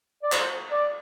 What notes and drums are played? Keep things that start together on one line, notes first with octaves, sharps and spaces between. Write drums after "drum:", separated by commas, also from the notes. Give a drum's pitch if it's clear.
D5
C5, drum: clap
D5